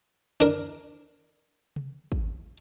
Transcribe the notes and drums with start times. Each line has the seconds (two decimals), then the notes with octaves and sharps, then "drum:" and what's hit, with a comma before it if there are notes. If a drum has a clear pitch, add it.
0.40 D4 A#4
1.76 drum: tom C3
2.12 drum: kick